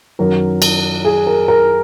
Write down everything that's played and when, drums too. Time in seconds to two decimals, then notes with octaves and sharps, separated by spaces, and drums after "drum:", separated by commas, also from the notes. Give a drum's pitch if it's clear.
0.19 F#2 D#3 F#3 A#4
0.62 drum: cymbal
1.05 G#4
1.27 A#4
1.48 A#4